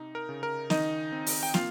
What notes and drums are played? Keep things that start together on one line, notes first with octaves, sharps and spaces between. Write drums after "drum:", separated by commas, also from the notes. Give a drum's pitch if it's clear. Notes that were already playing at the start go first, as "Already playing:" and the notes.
Already playing: C3 D#4
A#4
C#3
A#4
D#3 D#4 D#5, drum: snare
C4
drum: open hi-hat
G5
A#3 F4 F5, drum: snare